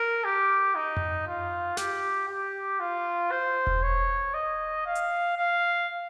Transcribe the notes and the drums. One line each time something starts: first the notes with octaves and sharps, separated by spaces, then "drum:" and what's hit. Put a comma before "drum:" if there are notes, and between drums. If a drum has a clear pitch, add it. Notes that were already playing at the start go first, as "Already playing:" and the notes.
Already playing: A#4
G4
D#4
drum: tom F2
F4
G4, drum: snare
G4
F4
C5
drum: kick E1
C#5
D#5
F5
drum: hi-hat
F5